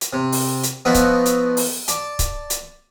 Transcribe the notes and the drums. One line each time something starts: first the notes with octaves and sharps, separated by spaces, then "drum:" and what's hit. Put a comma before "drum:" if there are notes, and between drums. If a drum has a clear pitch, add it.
drum: hi-hat
C3
drum: open hi-hat
drum: hi-hat
F3 B3 D#4 E4 F#4
drum: kick C#1, hi-hat
drum: hi-hat
drum: open hi-hat
D5 A5, drum: hi-hat
drum: kick C#1, hi-hat
drum: hi-hat